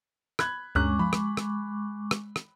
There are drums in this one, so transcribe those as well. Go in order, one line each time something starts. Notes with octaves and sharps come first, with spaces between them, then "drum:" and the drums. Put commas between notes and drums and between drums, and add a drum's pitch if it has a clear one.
B5 F#6 G#6, drum: rim click
D2 G2 G#3 C#4 A#5 C#6 D6 F#6
F3 B5
drum: rim click
drum: rim click
drum: rim click
drum: rim click